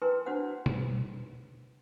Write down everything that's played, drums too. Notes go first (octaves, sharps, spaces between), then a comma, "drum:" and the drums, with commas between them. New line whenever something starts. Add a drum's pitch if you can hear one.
E4 A#4 B4 G5 G#5 C6
D4 F#4 C5 F#5
drum: tom B2